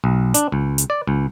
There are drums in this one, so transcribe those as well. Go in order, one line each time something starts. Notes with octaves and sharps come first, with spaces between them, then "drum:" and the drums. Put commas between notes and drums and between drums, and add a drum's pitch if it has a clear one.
B1
D4, drum: hi-hat
C#2
drum: hi-hat
D5
C#2